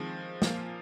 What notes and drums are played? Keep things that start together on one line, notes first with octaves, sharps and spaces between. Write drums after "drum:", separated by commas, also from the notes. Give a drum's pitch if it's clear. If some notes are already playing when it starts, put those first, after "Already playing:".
Already playing: D#3 F3 G#3 C4
A#2 F3 A#3 F4, drum: snare